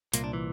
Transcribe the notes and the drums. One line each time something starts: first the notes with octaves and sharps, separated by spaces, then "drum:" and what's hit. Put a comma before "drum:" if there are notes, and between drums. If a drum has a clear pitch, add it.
C2 A#2 A#3, drum: hi-hat
D4
E3